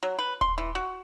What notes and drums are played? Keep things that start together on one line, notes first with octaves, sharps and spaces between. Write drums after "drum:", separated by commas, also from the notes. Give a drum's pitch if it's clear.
F#3
B4
C6, drum: kick D#1
E3
F#4